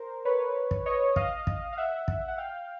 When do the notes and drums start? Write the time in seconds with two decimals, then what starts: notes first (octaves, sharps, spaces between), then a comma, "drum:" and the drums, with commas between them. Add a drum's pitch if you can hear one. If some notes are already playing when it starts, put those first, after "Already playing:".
Already playing: A#4 C5
0.25 B4 C#5
0.71 drum: kick
0.86 C#5 D#5
1.16 D#5 F5, drum: kick
1.47 drum: kick
1.73 F5
1.77 E5 F#5
2.08 drum: kick
2.28 F#5
2.38 F5 G5